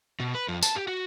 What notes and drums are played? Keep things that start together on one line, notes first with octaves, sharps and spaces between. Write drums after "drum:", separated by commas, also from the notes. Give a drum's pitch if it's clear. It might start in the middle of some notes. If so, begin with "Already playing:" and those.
B2
B4
F2
A5, drum: tambourine
G4
F#4